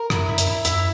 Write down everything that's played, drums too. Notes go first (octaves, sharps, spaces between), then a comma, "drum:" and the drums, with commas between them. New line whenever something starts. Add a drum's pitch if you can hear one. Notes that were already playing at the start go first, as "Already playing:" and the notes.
Already playing: A#4
F#2 E4, drum: rim click
F#2 E4
drum: hi-hat
E2 E4
F#2 E4, drum: hi-hat